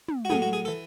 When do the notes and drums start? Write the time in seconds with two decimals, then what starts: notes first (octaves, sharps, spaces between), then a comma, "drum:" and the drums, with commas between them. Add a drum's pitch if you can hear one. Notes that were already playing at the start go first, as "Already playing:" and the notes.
0.08 drum: tom
0.25 F#4
0.30 A2 F#3 G#4, drum: tom
0.42 F#4
0.53 G#4
0.65 A4
0.68 E3